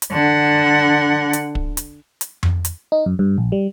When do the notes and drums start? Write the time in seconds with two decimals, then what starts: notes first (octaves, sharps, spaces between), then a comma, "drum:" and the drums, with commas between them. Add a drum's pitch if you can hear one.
0.02 drum: hi-hat
0.12 D3 F#5
1.33 drum: hi-hat
1.55 drum: kick
1.77 drum: hi-hat
2.21 drum: hi-hat
2.43 drum: tom F2
2.65 drum: hi-hat
2.92 D#4
3.06 F#2
3.19 G2
3.38 A#1
3.52 G3